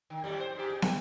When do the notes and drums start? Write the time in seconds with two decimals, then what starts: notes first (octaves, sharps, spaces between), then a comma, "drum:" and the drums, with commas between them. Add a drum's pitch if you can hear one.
0.10 D#3
0.24 F2 A2 G3
0.40 C5
0.55 G#2 G4
0.69 F2 G#4
0.82 D#3 G#4, drum: snare